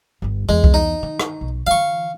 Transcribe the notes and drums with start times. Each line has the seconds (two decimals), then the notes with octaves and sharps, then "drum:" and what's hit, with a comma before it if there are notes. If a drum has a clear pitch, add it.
0.22 G1 G2
0.49 E2 G#3 B3
0.64 drum: kick C2
0.74 D#4
1.03 D#3
1.20 drum: rim click
1.41 B1
1.67 D3 E3 F5 C#6